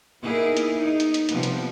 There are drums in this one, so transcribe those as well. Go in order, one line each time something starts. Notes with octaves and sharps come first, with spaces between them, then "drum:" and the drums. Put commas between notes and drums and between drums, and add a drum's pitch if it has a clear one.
A#3 B3 D#4 E4 G#4 A#4
drum: hi-hat
D#4
drum: hi-hat
drum: hi-hat
C3 F3 G3 B3, drum: hi-hat
drum: hi-hat